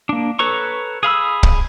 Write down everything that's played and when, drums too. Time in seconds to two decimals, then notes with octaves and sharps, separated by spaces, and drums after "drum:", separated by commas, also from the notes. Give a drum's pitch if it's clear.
0.09 A#3 D4
0.39 A4 B4 C#5 A#5 C#6
1.03 G#4 F5 B5 E6
1.43 drum: kick